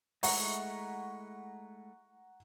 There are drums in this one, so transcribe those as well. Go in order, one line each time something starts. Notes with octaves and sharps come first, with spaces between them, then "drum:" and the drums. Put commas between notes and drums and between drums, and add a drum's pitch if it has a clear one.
G#3 A3 E4 F#5 A#5 C#6, drum: open hi-hat